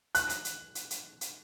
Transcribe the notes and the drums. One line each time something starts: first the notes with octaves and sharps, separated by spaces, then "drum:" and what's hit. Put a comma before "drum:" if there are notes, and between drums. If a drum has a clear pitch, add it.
F#6, drum: hi-hat
drum: hi-hat
drum: hi-hat
drum: hi-hat
drum: hi-hat
drum: hi-hat